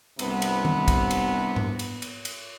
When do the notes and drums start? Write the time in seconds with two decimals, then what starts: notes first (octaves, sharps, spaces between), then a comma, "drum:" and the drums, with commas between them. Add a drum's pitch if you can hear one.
0.19 C2 G2 C3 B3, drum: cymbal
0.42 drum: cymbal
0.65 drum: tom D#3
0.88 drum: kick, cymbal
1.11 drum: cymbal
1.56 drum: tom G#2
1.79 drum: cymbal
2.02 drum: cymbal
2.25 drum: cymbal